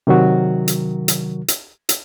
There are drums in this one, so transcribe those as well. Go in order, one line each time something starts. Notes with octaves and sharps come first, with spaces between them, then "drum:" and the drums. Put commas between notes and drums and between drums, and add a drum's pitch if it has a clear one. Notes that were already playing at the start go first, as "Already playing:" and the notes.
C3 D#3 F#3 F#4 A#4
drum: hi-hat
drum: hi-hat
drum: hi-hat
drum: hi-hat